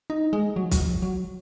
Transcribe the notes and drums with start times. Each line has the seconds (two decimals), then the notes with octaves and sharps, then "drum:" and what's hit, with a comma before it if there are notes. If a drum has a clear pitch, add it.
0.10 D#4
0.33 G#3
0.56 F#3
0.64 F3
0.71 F#3, drum: kick, hi-hat
0.80 F3
1.02 F#3